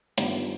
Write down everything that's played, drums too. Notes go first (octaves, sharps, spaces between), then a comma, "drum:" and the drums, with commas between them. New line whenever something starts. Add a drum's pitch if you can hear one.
G2 D#3 B3 F4, drum: hi-hat